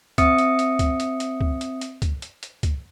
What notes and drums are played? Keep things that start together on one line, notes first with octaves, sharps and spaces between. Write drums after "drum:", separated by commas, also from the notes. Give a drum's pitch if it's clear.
C4 E5 D#6 C#7, drum: kick, hi-hat
drum: hi-hat
drum: hi-hat
drum: kick, hi-hat
drum: hi-hat
drum: hi-hat
drum: kick
drum: hi-hat
drum: hi-hat
drum: kick, hi-hat
drum: hi-hat
drum: hi-hat
drum: kick, hi-hat